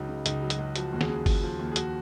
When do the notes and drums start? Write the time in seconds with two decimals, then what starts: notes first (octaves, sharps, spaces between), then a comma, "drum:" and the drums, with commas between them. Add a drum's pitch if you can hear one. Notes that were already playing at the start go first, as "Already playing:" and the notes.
Already playing: C#2 F#3 D#4
0.09 C#3
0.26 C#2 D#4, drum: hi-hat
0.42 F#3
0.50 F#4, drum: hi-hat
0.59 C#2
0.76 F3 F#4, drum: hi-hat
0.92 D#2 F#4
1.01 G#4, drum: snare
1.09 C#3
1.26 D#2, drum: kick G1, open hi-hat
1.43 F3
1.59 D#2
1.72 G#4
1.76 F3 F#4, drum: hi-hat